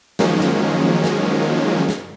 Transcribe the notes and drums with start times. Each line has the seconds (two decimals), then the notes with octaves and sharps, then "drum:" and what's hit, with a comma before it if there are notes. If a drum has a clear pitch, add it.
0.19 D#3 F3 F#3 G#3 A#3 C#4, drum: snare
0.40 drum: snare
1.04 drum: snare
1.89 drum: snare